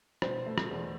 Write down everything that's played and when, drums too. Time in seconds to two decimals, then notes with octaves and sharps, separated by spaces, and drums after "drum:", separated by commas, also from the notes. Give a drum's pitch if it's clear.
0.22 B2 C5, drum: rim click
0.46 A3
0.58 drum: rim click
0.70 E2